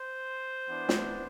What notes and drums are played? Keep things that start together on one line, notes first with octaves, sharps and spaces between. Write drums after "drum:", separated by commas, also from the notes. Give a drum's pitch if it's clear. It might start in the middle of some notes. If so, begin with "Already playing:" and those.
Already playing: C5
E3 B3 D4
drum: snare